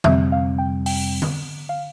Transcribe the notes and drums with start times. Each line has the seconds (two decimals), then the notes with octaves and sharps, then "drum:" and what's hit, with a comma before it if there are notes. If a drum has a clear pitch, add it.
0.04 F2 C3 G3 C4 E5, drum: tom D3
0.32 F5
0.58 G5
0.86 G5, drum: open hi-hat
1.22 drum: tom D3
1.69 F5